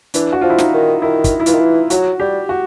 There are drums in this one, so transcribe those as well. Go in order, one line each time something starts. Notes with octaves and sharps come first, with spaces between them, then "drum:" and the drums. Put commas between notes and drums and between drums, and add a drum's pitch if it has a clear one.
E3 D4, drum: hi-hat
F#4
F3 F4
E4
D#4, drum: snare
D#3
D#3 E4
drum: kick, hi-hat
E4
E3 F4, drum: hi-hat
D#3
E3
F#3 F#4, drum: hi-hat
G3 G4
F#4